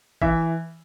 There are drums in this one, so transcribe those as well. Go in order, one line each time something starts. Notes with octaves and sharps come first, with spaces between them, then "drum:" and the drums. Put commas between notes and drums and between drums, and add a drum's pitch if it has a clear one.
E3 E5, drum: kick G#1